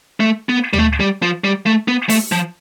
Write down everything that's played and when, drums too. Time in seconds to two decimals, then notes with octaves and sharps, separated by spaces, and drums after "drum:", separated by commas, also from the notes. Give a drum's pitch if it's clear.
0.20 A3
0.49 B3
0.73 G3, drum: tom D2
0.79 A3
1.00 G3
1.22 F3
1.44 G3
1.66 A3
1.88 B3
2.09 A3, drum: open hi-hat
2.32 F3